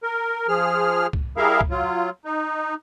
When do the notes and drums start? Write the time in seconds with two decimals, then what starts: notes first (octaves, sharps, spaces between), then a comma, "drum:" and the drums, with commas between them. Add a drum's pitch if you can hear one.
0.03 A#4
0.48 F3 G#4 F6
1.13 drum: kick C2
1.37 G3 E4 G#4 A#4 E5 F5
1.61 drum: kick C2
1.70 F#3 F4
2.25 D#4